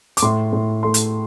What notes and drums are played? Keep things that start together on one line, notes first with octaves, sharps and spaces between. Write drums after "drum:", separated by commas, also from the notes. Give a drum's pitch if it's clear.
D6, drum: hi-hat
A2 C6
A2
A3 C6
drum: hi-hat